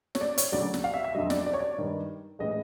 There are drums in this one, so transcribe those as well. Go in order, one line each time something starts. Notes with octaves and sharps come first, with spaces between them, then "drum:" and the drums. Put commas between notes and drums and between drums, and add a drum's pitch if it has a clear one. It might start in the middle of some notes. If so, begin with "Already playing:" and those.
C#5, drum: snare
D5
C#5, drum: hi-hat
D2 C#3 F#3 D5
drum: snare
F5
E5
E5
F2 D3 F#3 D#5
D5, drum: snare
D5
C#5
D5
G2 D#3 G3
A2 E3 G#3 D#5